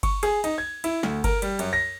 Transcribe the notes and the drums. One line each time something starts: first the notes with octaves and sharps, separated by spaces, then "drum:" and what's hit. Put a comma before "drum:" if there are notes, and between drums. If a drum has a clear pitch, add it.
C#6, drum: kick G1, cymbal
G#4, drum: cymbal
D#4, drum: cymbal
G#6
E4, drum: cymbal
D2, drum: snare
A#4, drum: kick G1, cymbal
G3, drum: cymbal
F#2, drum: cymbal
A#6